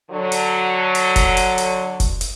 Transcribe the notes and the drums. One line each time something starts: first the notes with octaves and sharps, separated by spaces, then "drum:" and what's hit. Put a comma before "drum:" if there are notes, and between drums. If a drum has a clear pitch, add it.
D3 F#3
drum: hi-hat
drum: hi-hat
drum: kick F1, hi-hat
drum: hi-hat
drum: hi-hat
drum: kick F1, hi-hat
drum: hi-hat